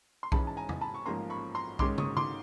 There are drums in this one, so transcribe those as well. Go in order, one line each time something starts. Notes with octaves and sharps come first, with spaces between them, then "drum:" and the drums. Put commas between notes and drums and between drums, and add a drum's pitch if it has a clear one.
C6
G#2 E3 G#3 C#4 A5 B5, drum: kick B1
A5
G#5 A#5
drum: tom E2
A5 B5
C#6
A1 G#2 F3 A#3 C#4 A#5 C6
B5 C#6
A#5 C6
G#2 D#3 G#3 C#4 C6 D6, drum: kick B1
C#6 D#6, drum: tom
C6 D6, drum: tom